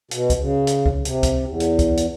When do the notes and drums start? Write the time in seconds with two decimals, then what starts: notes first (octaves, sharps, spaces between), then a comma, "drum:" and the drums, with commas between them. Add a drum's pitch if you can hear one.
0.11 B2, drum: hi-hat
0.30 drum: kick C#2, hi-hat
0.39 C#3
0.67 drum: hi-hat
0.86 drum: kick C#2
1.05 C3, drum: hi-hat
1.23 drum: kick C#2, hi-hat
1.45 E2
1.60 drum: hi-hat
1.79 drum: kick C#2, hi-hat
1.97 drum: hi-hat